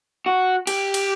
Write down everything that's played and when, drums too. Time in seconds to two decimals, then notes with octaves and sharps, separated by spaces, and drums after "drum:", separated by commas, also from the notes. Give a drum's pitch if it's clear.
0.26 F#4
0.67 G4, drum: cymbal
0.94 drum: cymbal